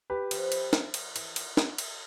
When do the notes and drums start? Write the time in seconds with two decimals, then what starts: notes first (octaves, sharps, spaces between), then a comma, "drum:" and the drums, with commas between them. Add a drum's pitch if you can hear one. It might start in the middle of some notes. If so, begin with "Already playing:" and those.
0.10 G4 B4
0.31 F3, drum: cymbal
0.52 drum: cymbal
0.73 drum: snare
0.94 drum: cymbal
1.16 E3, drum: cymbal
1.36 drum: cymbal
1.57 drum: snare
1.78 drum: cymbal